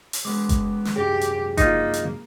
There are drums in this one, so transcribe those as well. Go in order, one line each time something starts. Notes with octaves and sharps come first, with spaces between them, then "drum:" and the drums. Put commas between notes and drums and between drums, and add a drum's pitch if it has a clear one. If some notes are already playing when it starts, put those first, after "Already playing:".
drum: open hi-hat
G#3 B3 D6
drum: kick F#1, hi-hat
drum: snare
C2 F#2 G4 G#4
drum: hi-hat
A#3 D#4 F4, drum: kick F#1, hi-hat
drum: hi-hat